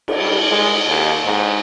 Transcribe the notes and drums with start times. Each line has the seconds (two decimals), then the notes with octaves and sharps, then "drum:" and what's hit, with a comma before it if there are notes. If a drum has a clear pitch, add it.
0.08 drum: cymbal
0.18 G3
0.48 G#3
0.87 D#2
1.25 G#2